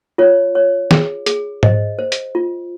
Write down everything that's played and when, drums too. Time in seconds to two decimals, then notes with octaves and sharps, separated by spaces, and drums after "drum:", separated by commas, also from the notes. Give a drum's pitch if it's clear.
0.18 F4 C#5
0.55 C#5
0.91 G#4, drum: snare
1.26 G#4, drum: hi-hat
1.63 C5 D#5, drum: tom G#2
1.99 C5
2.12 drum: hi-hat
2.35 F4